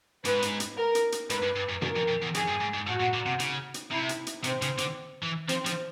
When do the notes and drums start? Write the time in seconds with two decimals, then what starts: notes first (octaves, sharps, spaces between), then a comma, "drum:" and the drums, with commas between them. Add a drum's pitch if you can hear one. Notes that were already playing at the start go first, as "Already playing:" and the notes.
0.25 G#2 B4, drum: hi-hat
0.42 drum: hi-hat
0.60 drum: hi-hat
0.77 A#4
0.95 drum: hi-hat
1.12 drum: hi-hat
1.30 G#2 B4, drum: hi-hat
1.42 G2
1.56 G2
1.69 F#2
1.82 F#2 A#4, drum: tom B2
1.96 F2
2.08 F2
2.22 E2
2.34 F2 G#4, drum: hi-hat
2.48 G2
2.60 G#2
2.74 G#2
2.87 A2 F#4
3.00 A#2
3.14 A#2
3.26 C3
3.40 C#3, drum: hi-hat
3.74 drum: hi-hat
3.91 C3 E4
4.09 drum: hi-hat
4.27 drum: hi-hat
4.44 C3 C4, drum: hi-hat
4.62 C#3, drum: hi-hat
4.78 D3, drum: hi-hat
5.23 E3
5.49 F3 C4, drum: hi-hat
5.66 F3, drum: hi-hat